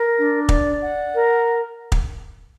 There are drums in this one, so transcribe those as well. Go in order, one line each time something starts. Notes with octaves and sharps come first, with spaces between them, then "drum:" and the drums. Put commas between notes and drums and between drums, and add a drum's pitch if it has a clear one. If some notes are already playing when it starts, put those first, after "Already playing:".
Already playing: A#4
D4
D5, drum: kick
F#5
A#4
drum: kick